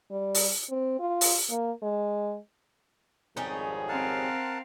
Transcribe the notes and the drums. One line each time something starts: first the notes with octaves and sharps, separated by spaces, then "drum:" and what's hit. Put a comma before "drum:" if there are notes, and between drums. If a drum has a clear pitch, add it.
G3
drum: open hi-hat
C4
F4
drum: open hi-hat
A#3
G#3
G#1 F2 G3 C#4 D#4 G#4
C4 A#4 F5 F#5 A5